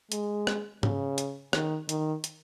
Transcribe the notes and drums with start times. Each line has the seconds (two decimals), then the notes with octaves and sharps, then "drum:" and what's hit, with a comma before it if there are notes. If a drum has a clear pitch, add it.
0.12 G#3, drum: hi-hat
0.47 drum: rim click
0.83 C#3, drum: tom G#2
1.18 drum: hi-hat
1.53 D#3, drum: rim click
1.89 D#3, drum: hi-hat
2.24 drum: hi-hat